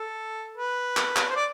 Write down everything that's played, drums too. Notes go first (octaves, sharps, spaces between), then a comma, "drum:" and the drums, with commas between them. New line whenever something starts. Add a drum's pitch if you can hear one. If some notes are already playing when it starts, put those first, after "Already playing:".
Already playing: A4
B4
drum: clap
drum: clap
C5
D5